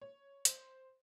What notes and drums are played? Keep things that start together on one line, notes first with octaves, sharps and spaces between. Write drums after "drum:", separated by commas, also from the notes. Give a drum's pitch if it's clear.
C#5
C5, drum: hi-hat